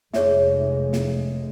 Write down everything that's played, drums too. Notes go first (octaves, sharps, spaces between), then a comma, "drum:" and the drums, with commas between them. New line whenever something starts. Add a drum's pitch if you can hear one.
F1 G#3 G#4 C#5 E5, drum: snare
drum: snare